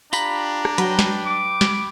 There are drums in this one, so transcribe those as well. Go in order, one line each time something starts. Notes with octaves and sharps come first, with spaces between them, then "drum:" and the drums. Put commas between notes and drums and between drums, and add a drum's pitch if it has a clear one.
D4 F4 G4 A#5 B5, drum: tambourine
drum: rim click
F#3 B4 G5, drum: hi-hat
drum: snare
D6
drum: snare